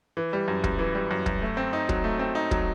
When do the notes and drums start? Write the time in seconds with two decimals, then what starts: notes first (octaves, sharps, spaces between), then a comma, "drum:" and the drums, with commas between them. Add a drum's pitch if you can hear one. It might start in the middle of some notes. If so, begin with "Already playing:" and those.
0.17 E3
0.33 G3
0.48 F#2
0.64 F#2, drum: kick
0.79 E3
0.95 G3
1.11 F#2
1.26 F#2, drum: kick
1.42 A3
1.57 C4
1.73 D#4
1.89 F#3, drum: kick
2.04 A3
2.19 C4
2.35 D#4
2.51 F#3, drum: kick